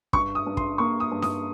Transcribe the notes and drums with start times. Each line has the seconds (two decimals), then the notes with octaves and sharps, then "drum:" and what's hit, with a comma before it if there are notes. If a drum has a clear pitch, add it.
0.13 G2 C#6, drum: kick
0.35 D#6
0.46 G2
0.57 C6, drum: kick
0.78 A#3 C#6
1.00 D#6
1.12 G2
1.22 D#6, drum: snare D#4